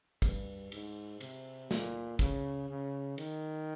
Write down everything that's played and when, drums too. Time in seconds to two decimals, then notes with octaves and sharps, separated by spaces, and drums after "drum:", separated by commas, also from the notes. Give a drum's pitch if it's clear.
0.22 G2, drum: kick, cymbal
0.72 G#2, drum: cymbal
1.21 C3, drum: cymbal
1.71 A#2, drum: snare
2.19 C#3, drum: kick, cymbal
2.70 C#3
3.18 D#3, drum: cymbal